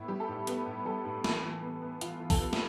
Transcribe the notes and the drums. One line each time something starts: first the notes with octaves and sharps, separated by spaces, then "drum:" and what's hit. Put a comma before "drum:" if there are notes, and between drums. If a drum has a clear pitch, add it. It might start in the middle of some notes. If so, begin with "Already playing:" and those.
Already playing: A2 B3 E4
G3 G4
A4
A2 G4
B3 G4, drum: hi-hat
A2
G3 A4
A2
E3, drum: snare
E3
B3
B3
E3 F4, drum: hi-hat
E3
A4, drum: kick, open hi-hat
B3 G4
drum: snare